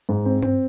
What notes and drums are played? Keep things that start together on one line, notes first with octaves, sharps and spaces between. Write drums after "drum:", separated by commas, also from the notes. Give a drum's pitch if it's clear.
G#2
C4
C4, drum: tom G2